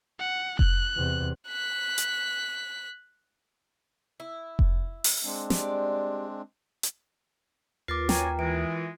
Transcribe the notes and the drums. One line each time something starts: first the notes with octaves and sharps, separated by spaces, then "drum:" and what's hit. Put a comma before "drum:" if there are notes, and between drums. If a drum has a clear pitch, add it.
F#5
F#6, drum: kick F1
E2 C3
F#6 B6
drum: hi-hat
E4
drum: kick F1
drum: open hi-hat
G#3 C4 D4
G3 D5, drum: snare
drum: hi-hat
D#2 F4 A#4 B4 D6 A6 C7
C#4 F#4 G5 G#5 A#5, drum: snare
E3 G#3 D7